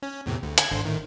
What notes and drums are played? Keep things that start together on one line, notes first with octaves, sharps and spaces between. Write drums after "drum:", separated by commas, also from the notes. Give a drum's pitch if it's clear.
C#4
E2 A2 C3
D2
G#6, drum: hi-hat
G#1 D3 C5
A2 D#3